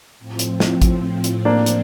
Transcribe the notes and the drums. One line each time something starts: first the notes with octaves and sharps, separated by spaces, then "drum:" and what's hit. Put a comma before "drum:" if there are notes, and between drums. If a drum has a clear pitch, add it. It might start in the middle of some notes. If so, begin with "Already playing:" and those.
A2 F3 C4
drum: hi-hat
drum: snare
drum: kick, hi-hat
drum: hi-hat
A#3 D4
drum: hi-hat